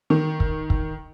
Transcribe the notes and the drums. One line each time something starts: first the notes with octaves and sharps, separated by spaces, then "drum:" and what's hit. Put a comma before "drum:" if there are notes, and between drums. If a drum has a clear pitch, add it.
D#3
drum: kick
drum: kick